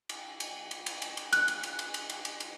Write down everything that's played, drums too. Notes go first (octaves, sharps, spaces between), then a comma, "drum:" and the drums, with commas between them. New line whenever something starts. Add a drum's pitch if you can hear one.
drum: cymbal
drum: cymbal
drum: cymbal
drum: cymbal
drum: cymbal
drum: cymbal
F#6, drum: cymbal
drum: cymbal
drum: cymbal
drum: cymbal
drum: cymbal
drum: cymbal
drum: cymbal
drum: cymbal